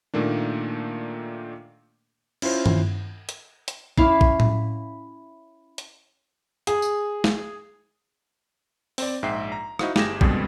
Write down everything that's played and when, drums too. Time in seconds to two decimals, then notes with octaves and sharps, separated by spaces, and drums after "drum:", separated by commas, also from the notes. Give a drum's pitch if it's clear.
0.14 A#2 D#3 A3 A#3 D4
2.42 C#4 E4 F4 C5, drum: cymbal
2.66 drum: tom G2
3.29 drum: hi-hat
3.68 drum: hi-hat
3.98 C#4 E4 F5 D6, drum: kick A1
4.21 drum: kick A1
4.40 drum: tom A2
5.78 drum: hi-hat
6.67 G#4, drum: hi-hat
6.82 drum: tambourine
7.24 drum: snare
8.98 C4 D5, drum: open hi-hat
9.22 A#1 G#2 E5 G5 C7
9.52 A#5
9.79 D#4 E4 F#4 C5 F5, drum: rim click
9.96 G1 G4 G#4 A#6 E7, drum: snare
10.21 F2 B2 D3 G3 G#3 B3, drum: kick A1